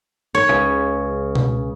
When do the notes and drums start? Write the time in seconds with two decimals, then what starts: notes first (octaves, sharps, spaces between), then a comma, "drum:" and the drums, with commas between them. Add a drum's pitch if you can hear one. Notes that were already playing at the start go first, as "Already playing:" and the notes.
0.35 C#5
0.49 C#2 C#3
1.35 drum: tom B2